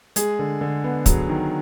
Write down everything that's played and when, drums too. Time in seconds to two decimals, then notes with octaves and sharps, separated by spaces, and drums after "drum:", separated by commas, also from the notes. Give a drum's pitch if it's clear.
0.16 G#3 G#4, drum: hi-hat
0.39 D3
0.61 D3
0.84 B3
1.06 F#3 G#4, drum: kick, hi-hat
1.29 D#3